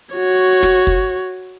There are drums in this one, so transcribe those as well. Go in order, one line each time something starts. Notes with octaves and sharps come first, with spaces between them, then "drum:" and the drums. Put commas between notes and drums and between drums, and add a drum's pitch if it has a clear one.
F#4 C#5
drum: snare
drum: kick